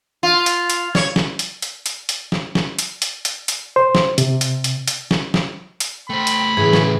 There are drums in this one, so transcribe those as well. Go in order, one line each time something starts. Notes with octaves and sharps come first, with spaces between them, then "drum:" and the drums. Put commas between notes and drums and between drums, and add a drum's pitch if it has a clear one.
F4
drum: hi-hat
drum: hi-hat
C#5, drum: snare
drum: snare
drum: hi-hat
drum: hi-hat
drum: hi-hat
drum: hi-hat
drum: snare
drum: snare
drum: hi-hat
drum: hi-hat
drum: hi-hat
drum: hi-hat
C5
drum: snare
C3, drum: hi-hat
drum: hi-hat
drum: hi-hat
drum: hi-hat
drum: snare
drum: snare
drum: hi-hat
A3 C5 G5 B5
drum: hi-hat
A2 C#3 E3 A3 G#4
drum: snare